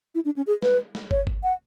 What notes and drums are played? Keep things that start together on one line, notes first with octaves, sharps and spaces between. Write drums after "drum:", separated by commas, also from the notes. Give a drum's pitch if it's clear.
E4
D4
C#4
G#4
B4, drum: snare
drum: snare
C#5, drum: kick
drum: kick
F#5